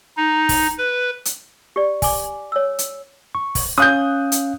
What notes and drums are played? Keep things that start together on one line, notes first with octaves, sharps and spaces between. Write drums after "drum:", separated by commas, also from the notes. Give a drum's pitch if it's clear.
D#4
drum: kick, open hi-hat
B4
drum: hi-hat
G4 D5
G#5 D6, drum: kick, open hi-hat
C#5 E6
drum: hi-hat
C#6
drum: kick, open hi-hat
C#4 F5 D#6 F#6 G6
drum: hi-hat